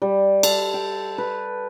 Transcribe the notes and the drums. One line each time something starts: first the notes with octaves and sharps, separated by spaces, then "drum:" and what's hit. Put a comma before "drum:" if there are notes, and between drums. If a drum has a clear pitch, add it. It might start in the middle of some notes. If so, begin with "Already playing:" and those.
G3
A4, drum: cymbal
G5
B4